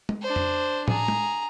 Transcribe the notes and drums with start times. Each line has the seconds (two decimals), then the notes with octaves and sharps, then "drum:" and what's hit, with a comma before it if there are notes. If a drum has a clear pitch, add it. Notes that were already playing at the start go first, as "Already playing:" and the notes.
0.09 drum: tom G#3
0.22 D4 C5
0.36 drum: tom F2
0.88 G#4 A#5, drum: tom
1.08 drum: tom G#3